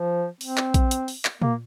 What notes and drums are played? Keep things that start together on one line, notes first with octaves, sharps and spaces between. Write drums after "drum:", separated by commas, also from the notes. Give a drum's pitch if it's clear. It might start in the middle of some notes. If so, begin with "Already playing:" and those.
Already playing: F3
C4, drum: open hi-hat
drum: clap
drum: kick A#1, hi-hat
drum: hi-hat
drum: open hi-hat
drum: clap
A#3, drum: tom A#2